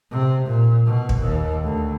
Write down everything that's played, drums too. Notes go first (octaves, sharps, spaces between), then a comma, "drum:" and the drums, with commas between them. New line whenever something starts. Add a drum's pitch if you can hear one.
C3
A#2
B2
drum: kick
D#2
D2